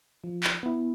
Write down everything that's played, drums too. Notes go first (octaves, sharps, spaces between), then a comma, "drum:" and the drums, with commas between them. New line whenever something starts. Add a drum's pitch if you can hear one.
F3
drum: clap
B3 E4